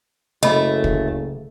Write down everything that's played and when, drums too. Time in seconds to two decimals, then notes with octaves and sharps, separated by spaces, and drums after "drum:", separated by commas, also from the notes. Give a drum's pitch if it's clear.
0.43 F#1 C#3 A3 D#5 B5
0.84 drum: kick